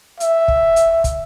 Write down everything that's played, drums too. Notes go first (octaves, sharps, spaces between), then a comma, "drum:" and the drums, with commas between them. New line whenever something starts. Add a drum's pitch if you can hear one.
E5, drum: hi-hat
drum: kick
drum: hi-hat
drum: kick, hi-hat